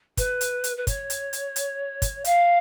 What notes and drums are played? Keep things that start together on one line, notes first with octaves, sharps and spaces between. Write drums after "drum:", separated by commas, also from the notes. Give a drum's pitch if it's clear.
B4, drum: kick, hi-hat
drum: hi-hat
drum: hi-hat
B4
C#5, drum: kick, hi-hat
drum: hi-hat
drum: hi-hat
drum: hi-hat
drum: kick, hi-hat
F5, drum: hi-hat